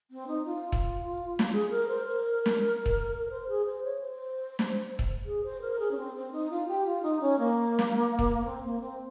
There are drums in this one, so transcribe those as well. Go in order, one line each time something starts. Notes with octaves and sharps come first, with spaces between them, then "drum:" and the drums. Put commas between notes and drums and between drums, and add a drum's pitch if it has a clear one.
C4
D#4
F4
drum: kick
drum: snare
G#4
A#4
C5
A#4
drum: snare
drum: kick
A#4
C5
G#4
C5
C#5
C5
drum: snare
drum: kick
G#4
C5
A#4
G#4
C#4
C4
C4
D#4
F4
G4
F4
D#4
C#4
A#3
drum: snare
drum: kick
C4
A#3
C4